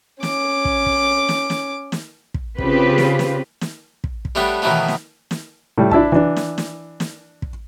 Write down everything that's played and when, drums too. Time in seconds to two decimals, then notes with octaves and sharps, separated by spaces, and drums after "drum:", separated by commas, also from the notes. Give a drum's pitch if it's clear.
0.23 C#4 D6, drum: snare
0.65 drum: kick
0.86 drum: kick
1.29 drum: snare
1.50 drum: snare
1.92 drum: snare
2.34 drum: kick
2.58 C#3 C4 F4 G4 B4, drum: kick
2.98 drum: snare
3.19 drum: snare
3.61 drum: snare
4.04 drum: kick
4.25 drum: kick
4.35 G3 A3 B3 D4 C#5
4.62 B2 D#3 E3 F#3 A3 B3
4.88 drum: snare
5.31 drum: snare
5.78 A2 G3
5.91 D4 E4 E5 A5, drum: kick
6.12 E3 D4
6.36 drum: snare
6.58 drum: snare
7.00 drum: snare
7.42 drum: kick